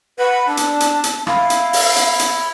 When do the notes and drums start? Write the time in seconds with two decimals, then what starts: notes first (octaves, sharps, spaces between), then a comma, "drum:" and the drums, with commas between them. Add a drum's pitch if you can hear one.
0.19 B4 F#5 B5
0.48 D4 A5
0.57 drum: hi-hat
0.80 drum: hi-hat
1.04 drum: hi-hat
1.27 E4 F5, drum: rim click
1.50 drum: hi-hat
1.73 drum: open hi-hat
1.96 drum: hi-hat
2.19 drum: hi-hat